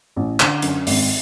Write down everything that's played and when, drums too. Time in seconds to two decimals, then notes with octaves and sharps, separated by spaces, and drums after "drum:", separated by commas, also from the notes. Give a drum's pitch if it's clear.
0.16 A1
0.40 D3, drum: clap
0.62 F#2, drum: hi-hat
0.87 G#1, drum: open hi-hat